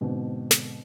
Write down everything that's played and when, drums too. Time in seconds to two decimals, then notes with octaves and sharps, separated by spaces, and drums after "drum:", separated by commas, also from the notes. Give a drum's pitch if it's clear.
0.01 G#2 B2 D3 C4 D4
0.51 drum: snare